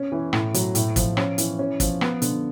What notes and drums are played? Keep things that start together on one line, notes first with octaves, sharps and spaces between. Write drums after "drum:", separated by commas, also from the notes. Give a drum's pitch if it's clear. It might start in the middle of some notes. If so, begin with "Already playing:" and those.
Already playing: C#4
E3
A2, drum: rim click
F#3, drum: hi-hat
A2, drum: hi-hat
F3, drum: kick, hi-hat
C#4, drum: rim click
E3, drum: hi-hat
C#4
F3, drum: kick, hi-hat
B3, drum: rim click
D3, drum: hi-hat